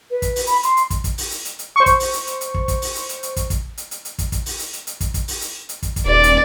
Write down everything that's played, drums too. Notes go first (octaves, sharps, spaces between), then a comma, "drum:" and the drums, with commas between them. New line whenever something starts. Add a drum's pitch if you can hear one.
B4
drum: kick, hi-hat
drum: open hi-hat
B5, drum: hi-hat
C6, drum: hi-hat
drum: hi-hat
drum: kick, hi-hat
drum: kick, hi-hat
drum: open hi-hat
drum: hi-hat
drum: hi-hat
drum: hi-hat
C5 C#6
drum: kick, hi-hat
drum: open hi-hat
drum: hi-hat
drum: hi-hat
drum: hi-hat
drum: kick
drum: kick, hi-hat
drum: open hi-hat
drum: hi-hat
drum: hi-hat
drum: hi-hat
drum: kick, hi-hat
drum: kick, hi-hat
drum: hi-hat
drum: hi-hat
drum: hi-hat
drum: kick, hi-hat
drum: kick, hi-hat
drum: open hi-hat
drum: hi-hat
drum: hi-hat
drum: hi-hat
drum: kick, hi-hat
drum: kick, hi-hat
drum: open hi-hat
drum: hi-hat
drum: hi-hat
drum: kick, hi-hat
drum: kick, hi-hat
D#1 D5
drum: hi-hat